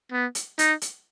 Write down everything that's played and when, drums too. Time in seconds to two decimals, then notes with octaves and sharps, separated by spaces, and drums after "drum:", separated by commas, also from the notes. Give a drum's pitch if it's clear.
0.12 B3
0.35 drum: hi-hat
0.59 D#4, drum: hi-hat
0.81 drum: hi-hat